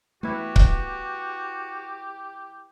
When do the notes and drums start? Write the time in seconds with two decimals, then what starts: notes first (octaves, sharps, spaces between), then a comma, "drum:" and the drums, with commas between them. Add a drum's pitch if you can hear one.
0.23 E3 A3 B3 E4 F#4 G4
0.56 drum: kick C#1